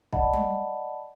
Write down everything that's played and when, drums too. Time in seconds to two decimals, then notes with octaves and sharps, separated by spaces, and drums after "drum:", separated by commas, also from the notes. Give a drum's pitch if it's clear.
0.13 D5 D#5 F#5 A5 B5, drum: kick B1
0.33 drum: tom G3